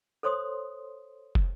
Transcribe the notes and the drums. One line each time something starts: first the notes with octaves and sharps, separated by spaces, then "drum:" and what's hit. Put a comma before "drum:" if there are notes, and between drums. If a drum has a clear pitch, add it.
A4 C5 C#5 C6 D#6
drum: kick